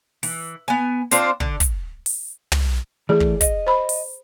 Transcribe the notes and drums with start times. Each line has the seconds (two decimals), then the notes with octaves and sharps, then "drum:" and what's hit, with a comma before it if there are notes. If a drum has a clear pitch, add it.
0.23 E3, drum: open hi-hat
0.68 B3 G#5
1.11 C4 D4 F4 C5, drum: hi-hat
1.40 D3, drum: kick
1.60 drum: kick, hi-hat
2.06 drum: open hi-hat
2.52 drum: tom
3.09 E3 A3 G#4 D5
3.20 drum: kick
3.41 D#5, drum: kick, hi-hat
3.67 C5 B5
3.89 drum: open hi-hat